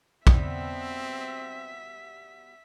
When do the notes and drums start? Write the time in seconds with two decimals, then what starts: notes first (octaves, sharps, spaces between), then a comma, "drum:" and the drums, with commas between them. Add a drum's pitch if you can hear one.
0.27 B2 G3 B3 C4 E5 B6, drum: kick